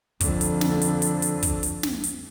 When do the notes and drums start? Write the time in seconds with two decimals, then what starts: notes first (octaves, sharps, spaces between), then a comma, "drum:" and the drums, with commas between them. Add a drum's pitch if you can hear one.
0.20 F2 D3, drum: kick, hi-hat
0.41 drum: hi-hat
0.61 drum: snare
0.81 drum: hi-hat
1.02 drum: hi-hat
1.22 drum: hi-hat
1.43 drum: kick, hi-hat
1.63 drum: hi-hat
1.83 drum: snare
2.04 drum: hi-hat